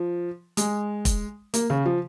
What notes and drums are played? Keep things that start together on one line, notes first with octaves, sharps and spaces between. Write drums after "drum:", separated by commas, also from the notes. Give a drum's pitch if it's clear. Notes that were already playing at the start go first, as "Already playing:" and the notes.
Already playing: F3
G#3, drum: hi-hat
drum: kick, hi-hat
A#3, drum: hi-hat
C#3
F3